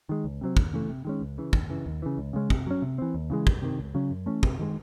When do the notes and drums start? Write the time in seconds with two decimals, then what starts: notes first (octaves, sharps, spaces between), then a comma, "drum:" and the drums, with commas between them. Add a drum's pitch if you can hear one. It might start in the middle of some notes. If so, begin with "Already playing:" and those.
0.09 D#3 G#3
0.24 C#2
0.41 C3 F#3 C4
0.57 D#2, drum: kick
0.73 C#3 E3 A3
0.89 C3
1.05 D#3 G#3 C#4
1.22 C#2
1.38 C#3 E3
1.53 D#2, drum: kick
1.70 C#3 E3
1.86 D#2
2.02 C#3 E3
2.18 C#2
2.33 C#3 G#3 C#4
2.50 C3, drum: kick
2.67 F#3 C#4
2.82 C3
2.98 E3 C4
3.14 D#2
3.30 C#3 E3 G#3
3.47 C2, drum: kick
3.62 C3 D#3
3.78 C#2
3.95 C#3 F#3 C#4
4.11 F#2
4.26 E3 A3 C#4
4.43 C3, drum: kick
4.59 D#3 G#3